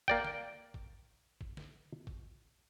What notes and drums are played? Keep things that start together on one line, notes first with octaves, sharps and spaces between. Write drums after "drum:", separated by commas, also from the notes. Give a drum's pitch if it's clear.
A#3 D5 G5, drum: kick
drum: snare D3
drum: kick
drum: kick
drum: snare D3
drum: kick